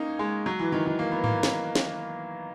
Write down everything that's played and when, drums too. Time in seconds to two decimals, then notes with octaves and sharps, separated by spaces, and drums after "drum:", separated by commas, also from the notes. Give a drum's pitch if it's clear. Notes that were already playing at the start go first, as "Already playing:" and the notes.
Already playing: A#3 C#4 D#4
0.19 G#3
0.46 F#3
0.59 E3
0.72 D#3
0.86 D#3
0.99 A#3
1.12 B3
1.24 A#3, drum: tom G#2
1.43 drum: snare
1.75 drum: snare